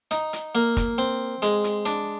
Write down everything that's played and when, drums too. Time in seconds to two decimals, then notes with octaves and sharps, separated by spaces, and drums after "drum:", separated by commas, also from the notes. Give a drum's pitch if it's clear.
0.11 D#4, drum: hi-hat
0.33 drum: hi-hat
0.55 A#3
0.77 drum: kick, hi-hat
0.98 C4
1.42 G#3, drum: hi-hat
1.64 drum: hi-hat
1.86 D4, drum: hi-hat